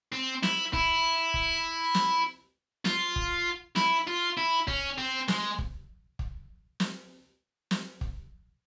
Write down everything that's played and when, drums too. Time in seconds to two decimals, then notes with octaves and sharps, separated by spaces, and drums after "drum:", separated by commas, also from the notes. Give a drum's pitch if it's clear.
0.12 C4
0.43 E4, drum: snare
0.73 E4, drum: kick
1.34 drum: kick
1.95 drum: snare
2.85 F4, drum: snare
3.16 drum: kick
3.76 E4, drum: snare
4.07 F4
4.37 E4
4.68 C#4, drum: kick
4.98 C4
5.28 G#3, drum: snare
5.58 drum: kick
6.19 drum: kick
6.80 drum: snare
7.71 drum: snare
8.01 drum: kick